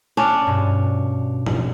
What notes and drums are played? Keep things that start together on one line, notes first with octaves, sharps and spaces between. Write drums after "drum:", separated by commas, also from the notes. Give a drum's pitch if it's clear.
C#4 D4
G2 B2
drum: tom G#2